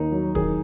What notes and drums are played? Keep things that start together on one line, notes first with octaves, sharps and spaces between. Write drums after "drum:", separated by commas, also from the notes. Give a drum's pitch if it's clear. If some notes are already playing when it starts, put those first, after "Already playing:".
Already playing: D#2 A#3 D#4
F#3
D#3 G#4, drum: kick